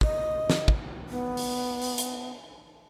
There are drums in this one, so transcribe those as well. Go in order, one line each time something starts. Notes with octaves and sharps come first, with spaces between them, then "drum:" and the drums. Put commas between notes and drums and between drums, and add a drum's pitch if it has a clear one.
D#5, drum: kick
drum: snare
drum: kick
B3
drum: open hi-hat
drum: open hi-hat
drum: hi-hat